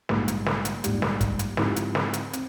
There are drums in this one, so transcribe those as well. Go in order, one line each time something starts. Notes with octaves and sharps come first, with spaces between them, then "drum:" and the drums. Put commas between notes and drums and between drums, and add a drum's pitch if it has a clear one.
A#1 G#2 G3, drum: snare
drum: hi-hat
drum: snare
drum: hi-hat
A#1 G#2 G3, drum: hi-hat
drum: snare
drum: kick, hi-hat
drum: hi-hat
G#2 F3 C4 E4 G4, drum: snare
drum: hi-hat
drum: snare
drum: hi-hat
C4, drum: hi-hat